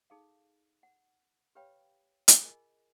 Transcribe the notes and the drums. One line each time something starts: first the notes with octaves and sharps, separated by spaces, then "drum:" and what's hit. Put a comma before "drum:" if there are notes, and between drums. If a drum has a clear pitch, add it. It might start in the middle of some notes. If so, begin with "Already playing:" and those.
D#4 G#4 A4 F5
F#5
G4 B4 C#5 F5 G5 B5
drum: hi-hat
F4 G#4 A#4 D#5 G#5